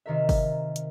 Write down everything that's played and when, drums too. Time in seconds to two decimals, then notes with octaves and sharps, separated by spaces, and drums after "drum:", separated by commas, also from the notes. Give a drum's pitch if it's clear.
0.06 C3 D#3 A#4 E5
0.29 drum: kick G1, open hi-hat
0.76 drum: hi-hat